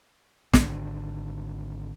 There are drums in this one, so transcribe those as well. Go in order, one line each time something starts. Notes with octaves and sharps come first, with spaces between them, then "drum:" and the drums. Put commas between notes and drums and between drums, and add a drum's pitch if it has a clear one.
G#1 D3, drum: snare